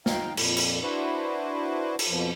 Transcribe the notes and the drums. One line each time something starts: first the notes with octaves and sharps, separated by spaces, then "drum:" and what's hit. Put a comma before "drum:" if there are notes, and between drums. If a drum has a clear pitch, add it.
D#4 F5 G5, drum: snare
F2 A#2, drum: cymbal
drum: cymbal
D4 E4 F#4 B4 C5
drum: cymbal
F2 B2 F3